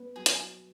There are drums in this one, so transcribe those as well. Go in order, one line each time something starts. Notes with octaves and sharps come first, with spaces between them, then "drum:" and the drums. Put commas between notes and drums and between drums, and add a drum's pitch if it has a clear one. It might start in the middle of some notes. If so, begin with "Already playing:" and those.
Already playing: B3
F#3 G#4
drum: hi-hat